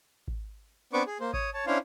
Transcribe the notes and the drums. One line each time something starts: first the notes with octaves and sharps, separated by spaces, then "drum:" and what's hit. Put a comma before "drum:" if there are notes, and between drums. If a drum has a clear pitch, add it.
drum: kick G#1
B3 C4 D4 B4 C#6 D6
G#4
A#3 C5
C#5 D#6, drum: kick G#1
C#5 A5
C#4 D4 E4 C5 F5